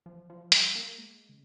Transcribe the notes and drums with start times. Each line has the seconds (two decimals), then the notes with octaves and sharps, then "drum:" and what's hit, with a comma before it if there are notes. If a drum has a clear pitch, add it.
0.06 F3
0.30 F3
0.52 G3, drum: hi-hat
0.75 A#3
0.98 G#3
1.29 C#3